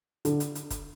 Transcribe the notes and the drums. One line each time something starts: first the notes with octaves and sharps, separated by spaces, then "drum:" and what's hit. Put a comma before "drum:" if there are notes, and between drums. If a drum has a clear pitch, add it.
D3, drum: hi-hat
drum: hi-hat
drum: hi-hat
drum: kick, hi-hat